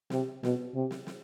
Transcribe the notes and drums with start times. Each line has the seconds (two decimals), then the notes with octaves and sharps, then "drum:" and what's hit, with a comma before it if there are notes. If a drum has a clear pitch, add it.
0.10 C3, drum: snare
0.43 B2, drum: snare
0.74 C3
0.91 drum: snare
1.07 drum: snare